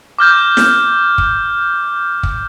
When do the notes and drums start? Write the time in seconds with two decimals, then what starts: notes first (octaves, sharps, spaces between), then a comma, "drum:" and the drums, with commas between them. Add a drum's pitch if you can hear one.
0.19 D6 F6 G6
0.57 drum: snare
1.18 drum: kick
2.23 drum: kick